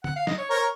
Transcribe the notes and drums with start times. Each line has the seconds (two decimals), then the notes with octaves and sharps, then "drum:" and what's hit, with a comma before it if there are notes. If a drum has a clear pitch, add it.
0.04 F#5, drum: tom
0.16 F5
0.27 D#5, drum: snare
0.38 C#5
0.50 A#4 C5 C#5